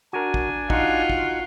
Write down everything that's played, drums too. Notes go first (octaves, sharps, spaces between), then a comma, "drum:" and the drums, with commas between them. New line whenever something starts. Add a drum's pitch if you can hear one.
D4 F#4 A#4 G#5
drum: kick
D#4 F4 F#4, drum: kick
drum: kick